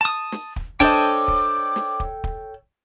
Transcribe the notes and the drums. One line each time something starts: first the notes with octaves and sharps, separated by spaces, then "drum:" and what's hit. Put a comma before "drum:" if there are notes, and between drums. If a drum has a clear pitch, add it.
A5 D#6
drum: snare
drum: kick
D4 A4 C5 C#5 D#5 G5 D6, drum: kick
drum: kick
drum: snare
drum: kick
drum: kick